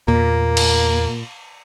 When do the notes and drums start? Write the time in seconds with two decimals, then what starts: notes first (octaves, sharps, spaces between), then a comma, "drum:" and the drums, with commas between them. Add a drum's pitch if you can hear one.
0.08 E2 A#2 A#3
0.57 drum: cymbal